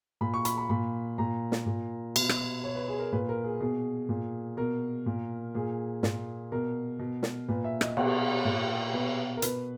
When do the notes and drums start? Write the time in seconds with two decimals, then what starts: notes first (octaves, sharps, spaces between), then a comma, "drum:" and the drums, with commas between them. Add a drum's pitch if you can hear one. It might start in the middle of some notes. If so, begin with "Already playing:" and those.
0.21 A#2 B5
0.34 C#6
0.45 B5, drum: hi-hat
0.58 B5
0.70 A#2 B5
1.18 A#2 A#5
1.52 drum: snare
1.66 A#2
2.16 B2, drum: cymbal
2.29 drum: rim click
2.64 B2 C#5
2.75 B4
2.88 G#4
2.99 A#4
3.12 A#2 B4
3.29 A#4
3.44 G#4
3.60 B2 G#4
4.09 A#2
4.57 B2 A#4
5.06 A#2
5.55 A#2 G#4
6.03 A#2, drum: snare
6.52 B2 A#4
6.99 B2
7.23 drum: snare
7.48 A#2 B4
7.64 E5
7.81 D#5, drum: rim click
7.97 B2, drum: cymbal
8.45 A#2
8.93 B2 B4
9.37 A#4
9.42 B2 B4, drum: hi-hat